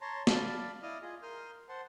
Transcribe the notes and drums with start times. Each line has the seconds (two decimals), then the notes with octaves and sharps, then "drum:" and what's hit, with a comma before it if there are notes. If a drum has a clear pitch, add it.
0.01 C#5 A5 A#5 C6
0.27 D5 F5 A5 B5, drum: snare
0.83 E4 D5 D#5 F5 D#6 F6
1.02 F4 G#4 D#5
1.22 A#4 C6 D#6 F6 G6
1.69 C5 F#5 A5 C6